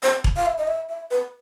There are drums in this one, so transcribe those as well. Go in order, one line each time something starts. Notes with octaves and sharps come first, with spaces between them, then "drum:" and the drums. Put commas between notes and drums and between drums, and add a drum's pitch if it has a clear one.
C5
drum: kick E1
F5
E5
D#5
E5
E5
B4